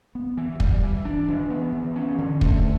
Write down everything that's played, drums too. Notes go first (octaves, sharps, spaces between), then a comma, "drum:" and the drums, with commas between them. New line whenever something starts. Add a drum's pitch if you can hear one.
B3
E3
G3, drum: kick
E3
D4
E3
B3
E3
C#4
D3
A3, drum: kick